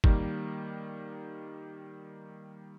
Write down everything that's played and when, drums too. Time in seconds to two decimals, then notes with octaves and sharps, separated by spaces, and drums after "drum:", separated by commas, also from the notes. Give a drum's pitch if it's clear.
0.04 D#3 G3 A#3, drum: kick